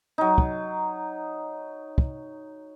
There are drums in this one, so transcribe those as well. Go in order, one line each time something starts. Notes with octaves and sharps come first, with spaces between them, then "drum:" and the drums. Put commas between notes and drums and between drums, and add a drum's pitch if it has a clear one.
F#3 D#4
drum: kick
drum: kick